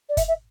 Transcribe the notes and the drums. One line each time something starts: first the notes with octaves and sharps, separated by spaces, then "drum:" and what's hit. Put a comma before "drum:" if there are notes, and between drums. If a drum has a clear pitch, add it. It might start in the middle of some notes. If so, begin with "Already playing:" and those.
D5
E5, drum: kick F#1, hi-hat
E5